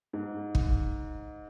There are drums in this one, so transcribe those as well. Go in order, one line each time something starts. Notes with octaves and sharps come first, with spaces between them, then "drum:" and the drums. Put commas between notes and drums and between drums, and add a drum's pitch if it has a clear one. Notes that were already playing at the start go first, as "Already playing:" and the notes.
G#2
drum: kick